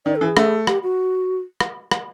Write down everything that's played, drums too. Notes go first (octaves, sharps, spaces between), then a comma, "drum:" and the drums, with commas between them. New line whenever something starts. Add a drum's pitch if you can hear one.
D#3 D5
A4
E3
G#4
A3, drum: rim click
G4, drum: rim click
F#4
drum: rim click
drum: rim click